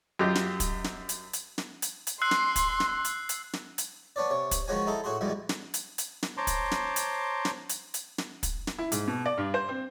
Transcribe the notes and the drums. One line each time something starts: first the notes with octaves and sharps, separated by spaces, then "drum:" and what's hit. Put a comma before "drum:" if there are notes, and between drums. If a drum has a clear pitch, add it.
F#2 F4 G4 D#5
drum: snare
drum: kick, hi-hat
drum: snare
drum: hi-hat
drum: hi-hat
drum: snare
drum: hi-hat
drum: hi-hat
C6 E6 F#6 C7
drum: snare
drum: kick, hi-hat
drum: snare
drum: hi-hat
drum: hi-hat
drum: snare
drum: hi-hat
B3 D4 C#5 D5
C3 C#5
drum: kick, hi-hat
D#3 F3 G#3 F#4 C#5 G#5
D#4 E4 G#4 A4
A2 F#4 G#4 C6
A#1 E2 B2 E3 G3 G#3
drum: snare
drum: hi-hat
drum: hi-hat
drum: snare
C5 C#5 A5 A#5 C6 D6
drum: kick, hi-hat
drum: snare
drum: hi-hat
drum: snare
drum: hi-hat
drum: hi-hat
drum: snare
drum: kick, hi-hat
drum: snare
E4
G#2, drum: hi-hat
B2
D5
G2
C5
C4